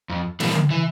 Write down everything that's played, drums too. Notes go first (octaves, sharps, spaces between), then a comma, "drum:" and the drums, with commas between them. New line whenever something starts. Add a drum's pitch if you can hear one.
F2
E3 G3 A#3, drum: snare
drum: tom C#3
E3